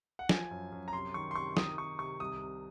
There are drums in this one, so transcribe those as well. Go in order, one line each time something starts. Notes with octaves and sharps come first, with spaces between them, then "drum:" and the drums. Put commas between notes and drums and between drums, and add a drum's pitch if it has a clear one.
F#5
F3 G#5, drum: snare
F#2
F#2
A#5
C3 C6
D#3 C#6
C6
C3 C#6
D#3 D#6, drum: snare
D#3 C#6
C3 C#6
C2 D#6
C3